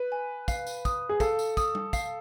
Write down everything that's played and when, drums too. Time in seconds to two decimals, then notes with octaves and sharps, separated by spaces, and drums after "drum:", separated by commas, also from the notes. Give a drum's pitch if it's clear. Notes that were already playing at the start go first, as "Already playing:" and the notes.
Already playing: B4
0.12 G#5
0.48 F5, drum: kick, tambourine
0.67 drum: tambourine
0.85 D#6, drum: kick, tambourine
1.09 G#4
1.20 A4 F5, drum: kick, tambourine
1.39 drum: tambourine
1.57 D#6, drum: kick, tambourine
1.75 drum: tom G3
1.93 F5, drum: kick, tambourine